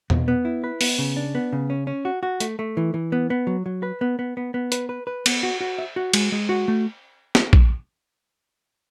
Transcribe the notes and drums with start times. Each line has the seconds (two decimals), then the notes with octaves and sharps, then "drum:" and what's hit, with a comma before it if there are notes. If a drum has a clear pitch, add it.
0.10 B2, drum: tom E2
0.28 B3
0.45 E4
0.64 B4
0.81 B3, drum: open hi-hat
0.99 C#3
1.16 D4
1.35 B3
1.53 C#3
1.70 C#4
1.87 C#4
2.05 F#4
2.23 F#4
2.40 A3, drum: hi-hat
2.59 A3
2.77 E3
2.94 E3
3.12 B3
3.30 B3
3.47 F#3
3.66 F#3
3.83 B4
4.01 B3
4.19 B3
4.37 B3
4.54 B3
4.72 B4, drum: hi-hat
4.89 B4
5.07 B4
5.26 B3, drum: cymbal
5.43 F#4
5.61 F#4
5.79 E5
5.96 F#4
6.13 G#3, drum: cymbal
6.32 G#3
6.49 F#4
6.68 A3
7.35 drum: snare
7.53 drum: kick A#1